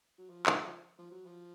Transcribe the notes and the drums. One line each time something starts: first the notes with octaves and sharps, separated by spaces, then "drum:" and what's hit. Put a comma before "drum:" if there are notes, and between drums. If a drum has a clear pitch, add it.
F#3
F3
drum: clap
F3
F#3
F3